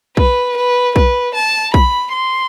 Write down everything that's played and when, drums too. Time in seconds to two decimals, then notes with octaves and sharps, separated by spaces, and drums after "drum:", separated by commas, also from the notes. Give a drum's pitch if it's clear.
0.17 B4, drum: kick B1
0.57 B4
0.96 B4, drum: kick B1
1.35 A5
1.74 B5, drum: kick B1
2.13 C6